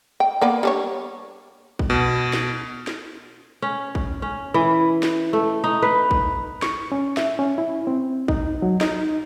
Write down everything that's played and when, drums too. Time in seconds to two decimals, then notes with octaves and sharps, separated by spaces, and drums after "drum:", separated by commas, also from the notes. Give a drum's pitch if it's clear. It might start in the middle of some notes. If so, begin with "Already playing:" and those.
0.20 G5
0.41 A#3 B3 D5
0.63 G3 D4 C#5
1.79 drum: kick
1.90 B2
2.33 drum: snare
2.87 drum: snare
3.62 C#4
3.95 drum: kick
4.22 C#4
4.54 E3
5.03 drum: snare
5.33 A3
5.64 D#4
5.82 B4
6.11 drum: kick
6.62 C#6, drum: snare
6.92 C#4
7.17 E5, drum: snare
7.39 C#4
7.58 E4
7.87 C4
8.28 D#4, drum: kick
8.62 F#3
8.81 D#4, drum: snare